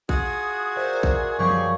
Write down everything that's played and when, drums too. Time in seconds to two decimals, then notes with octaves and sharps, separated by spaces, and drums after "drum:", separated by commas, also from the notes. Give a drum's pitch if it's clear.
0.09 F4 F#4 G#4 D#6, drum: kick A#1
0.76 A#4 C5 D5 E5
1.03 drum: kick A#1
1.38 F#2 F3 G3 C4 G4 G#4 C#6
1.51 drum: tom E3